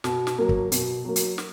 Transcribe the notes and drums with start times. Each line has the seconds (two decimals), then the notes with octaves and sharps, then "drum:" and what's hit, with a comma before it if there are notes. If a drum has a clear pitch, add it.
0.04 B2, drum: snare
0.27 drum: snare
0.38 F#3 A#3
0.49 drum: kick
0.72 B2, drum: hi-hat
1.05 F#3 A#3
1.16 drum: hi-hat
1.38 drum: snare